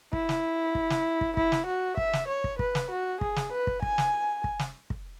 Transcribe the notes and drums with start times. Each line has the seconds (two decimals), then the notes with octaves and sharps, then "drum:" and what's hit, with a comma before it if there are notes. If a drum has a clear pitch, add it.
0.13 E4, drum: kick
0.29 drum: snare
0.75 drum: kick
0.90 drum: snare
1.21 drum: kick
1.37 E4, drum: kick
1.52 drum: snare
1.67 F#4
1.97 E5, drum: kick
2.13 drum: snare
2.28 C#5
2.44 drum: kick
2.59 B4, drum: kick
2.75 drum: snare
2.91 F#4
3.21 G#4, drum: kick
3.36 drum: snare
3.52 B4
3.67 drum: kick
3.82 G#5, drum: kick
3.98 drum: snare
4.44 drum: kick
4.59 drum: snare
4.90 drum: kick